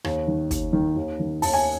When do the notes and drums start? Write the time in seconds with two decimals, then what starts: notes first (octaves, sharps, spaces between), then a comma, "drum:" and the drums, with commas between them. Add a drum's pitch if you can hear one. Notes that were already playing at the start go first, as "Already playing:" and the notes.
0.05 D#2, drum: rim click
0.28 D#3
0.51 D#2, drum: kick, hi-hat
0.73 D#3
0.97 D#2
1.20 D#3
1.42 D#2 A5, drum: open hi-hat
1.54 G#5